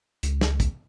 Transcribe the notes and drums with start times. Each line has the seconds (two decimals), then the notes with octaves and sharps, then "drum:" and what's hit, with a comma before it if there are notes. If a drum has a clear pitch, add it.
0.23 C#2, drum: hi-hat
0.41 drum: snare
0.60 drum: kick, hi-hat